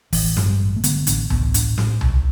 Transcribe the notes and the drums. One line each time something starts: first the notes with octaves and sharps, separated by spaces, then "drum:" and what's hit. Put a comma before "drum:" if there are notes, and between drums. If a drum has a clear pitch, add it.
A1 E3, drum: kick, open hi-hat
G2, drum: snare
G3
A1
A3
D3 B3, drum: hi-hat
A1 D4, drum: hi-hat
A1 B3, drum: tom C#2
A2 D4, drum: hi-hat
A2, drum: snare
B1, drum: tom C#2